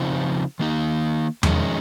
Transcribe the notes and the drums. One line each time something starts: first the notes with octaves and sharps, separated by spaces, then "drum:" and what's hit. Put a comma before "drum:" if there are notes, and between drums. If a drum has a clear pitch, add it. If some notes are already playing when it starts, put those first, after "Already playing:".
Already playing: C#3 F3 C4 D#4
D#3 A#3 D#4
F2 D#3 G#3 C#4, drum: tom E2